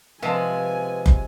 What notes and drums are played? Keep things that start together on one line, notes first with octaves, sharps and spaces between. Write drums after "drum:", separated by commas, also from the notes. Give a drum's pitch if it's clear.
C3 F3 G#3 B4 F5 G#5 A5
drum: kick